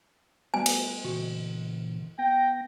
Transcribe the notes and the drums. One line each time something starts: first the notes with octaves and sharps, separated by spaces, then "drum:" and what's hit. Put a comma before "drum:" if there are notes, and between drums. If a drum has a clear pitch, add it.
G3 A3 B3 F#4 B4 G#5
drum: cymbal
A#2 C#3 E3 F#4
B3 G5 A#6